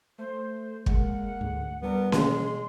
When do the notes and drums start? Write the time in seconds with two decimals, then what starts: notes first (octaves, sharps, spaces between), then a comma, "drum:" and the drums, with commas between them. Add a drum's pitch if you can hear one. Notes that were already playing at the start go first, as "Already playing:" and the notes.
0.18 A3 C5
0.86 G#3 A#3 F#5, drum: kick
1.41 D2 G#2
1.82 G3 B3 D4 A#4
2.12 B2 E3 G#3 A#3 C6, drum: snare C#4